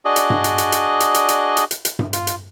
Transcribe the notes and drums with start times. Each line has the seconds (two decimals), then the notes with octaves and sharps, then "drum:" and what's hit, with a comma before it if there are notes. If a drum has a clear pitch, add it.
0.05 D4 F#4 G#4 D5 D#5
0.16 drum: hi-hat
0.30 drum: tom G2
0.44 drum: hi-hat
0.58 drum: hi-hat
0.72 drum: hi-hat
1.00 drum: hi-hat
1.14 drum: hi-hat
1.29 drum: hi-hat
1.57 drum: hi-hat
1.71 drum: hi-hat
1.85 drum: hi-hat
1.99 drum: tom G2
2.13 F4, drum: hi-hat
2.27 drum: hi-hat